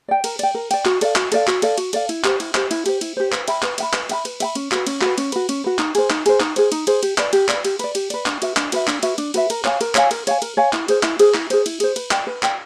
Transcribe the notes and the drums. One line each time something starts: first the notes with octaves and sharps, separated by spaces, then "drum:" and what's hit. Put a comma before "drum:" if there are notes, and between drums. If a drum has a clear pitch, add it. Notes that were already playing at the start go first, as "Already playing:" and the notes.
D5 G5
A#4, drum: cymbal
D5 G5, drum: cymbal
A#4
D5 G5, drum: cymbal
F#4, drum: clap
A4 D5 F5, drum: cymbal
F#4, drum: clap
A4 D5 F5, drum: cymbal
F#4, drum: clap
A4 D5 F5, drum: cymbal
F#4, drum: cymbal
A4 D5 F5, drum: cymbal
E4, drum: cymbal
G4 C5, drum: clap
E4, drum: cymbal
G4 C5, drum: clap
E4, drum: cymbal
G4 C5, drum: cymbal
E4, drum: cymbal
G4 C5
B4, drum: clap
E5 G5 B5, drum: cymbal
B4, drum: clap
E5 G5 B5, drum: cymbal
B4, drum: clap
E5 G5 B5, drum: cymbal
B4, drum: cymbal
E5 G5 B5, drum: cymbal
C#4, drum: cymbal
F#4 B4, drum: clap
C#4, drum: cymbal
F#4 B4, drum: clap
C#4, drum: cymbal
F#4 B4, drum: cymbal
C#4, drum: cymbal
F#4 B4
D#4, drum: clap
G#4 C5, drum: cymbal
D#4, drum: clap
G#4 C5, drum: cymbal
D#4, drum: clap
G#4 C5, drum: cymbal
D#4, drum: cymbal
G#4 C5, drum: cymbal
G4, drum: cymbal
B4 D5, drum: clap
G4, drum: cymbal
B4 D5, drum: clap
G4, drum: cymbal
B4 D5, drum: cymbal
G4, drum: cymbal
B4 D5, drum: cymbal
D4, drum: clap
F#4 B4 E5, drum: cymbal
D4, drum: clap
F#4 B4 E5, drum: cymbal
D4, drum: clap
F#4 B4 E5, drum: cymbal
D4, drum: cymbal
F#4 B4 E5, drum: cymbal
A#4, drum: cymbal
C#5 F5 G#5, drum: clap
A#4, drum: cymbal
C#5 F5 G#5, drum: clap
A#4, drum: cymbal
C#5 F5 G#5, drum: cymbal
A#4, drum: cymbal
C#5 F5 G#5
E4, drum: clap
G#4 C5, drum: cymbal
E4, drum: clap
G#4 C5, drum: cymbal
E4, drum: clap
G#4 C5, drum: cymbal
E4, drum: cymbal
G#4 C5, drum: cymbal
B4, drum: cymbal
D5 G5, drum: clap
B4
D5 G5, drum: clap